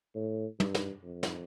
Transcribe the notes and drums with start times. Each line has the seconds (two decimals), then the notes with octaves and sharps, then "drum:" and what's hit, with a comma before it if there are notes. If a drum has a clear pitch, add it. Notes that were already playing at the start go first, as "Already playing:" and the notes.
0.15 A2
0.60 G2, drum: tom
0.74 drum: snare
1.03 F2
1.23 drum: snare